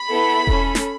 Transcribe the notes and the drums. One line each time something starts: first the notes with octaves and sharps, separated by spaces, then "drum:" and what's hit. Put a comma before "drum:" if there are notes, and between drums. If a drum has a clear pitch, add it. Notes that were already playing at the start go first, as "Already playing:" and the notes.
Already playing: B5
B3 E4 A4
C#4 A4, drum: kick E1
drum: snare